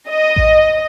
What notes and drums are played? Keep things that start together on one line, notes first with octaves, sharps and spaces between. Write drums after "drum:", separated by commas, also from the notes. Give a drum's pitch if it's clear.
D#5
drum: kick A1